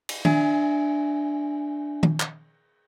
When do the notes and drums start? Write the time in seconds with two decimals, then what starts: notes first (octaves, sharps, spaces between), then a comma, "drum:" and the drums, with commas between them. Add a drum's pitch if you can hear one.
0.09 drum: cymbal
0.25 D4 E5 G#5, drum: tom D#3
2.03 drum: tom D#3
2.20 drum: clap